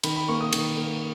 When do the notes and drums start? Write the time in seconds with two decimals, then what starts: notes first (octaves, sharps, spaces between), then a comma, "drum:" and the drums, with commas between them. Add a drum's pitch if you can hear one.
0.03 D#3 B5, drum: cymbal
0.16 B5
0.28 A#3 C#6
0.41 D#6
0.53 D#3, drum: cymbal
0.77 A#3